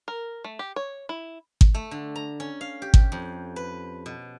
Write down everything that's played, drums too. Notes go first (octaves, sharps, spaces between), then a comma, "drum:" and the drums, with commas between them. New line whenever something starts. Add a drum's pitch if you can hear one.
A#4
A3
G4
C#5
E4
drum: kick G#1
A3
D3
A#5
C#4
F5
G4
drum: kick G#1
F2
B4
B2